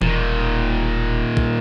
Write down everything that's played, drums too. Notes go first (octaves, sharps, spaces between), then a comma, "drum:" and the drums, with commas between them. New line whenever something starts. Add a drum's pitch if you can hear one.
E1 A#2 D#3, drum: tom E3
drum: kick